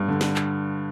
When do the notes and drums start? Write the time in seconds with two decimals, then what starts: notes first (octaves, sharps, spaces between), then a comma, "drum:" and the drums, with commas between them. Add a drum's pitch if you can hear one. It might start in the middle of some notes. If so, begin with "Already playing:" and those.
Already playing: G2
0.08 D3
0.21 drum: snare
0.36 drum: clap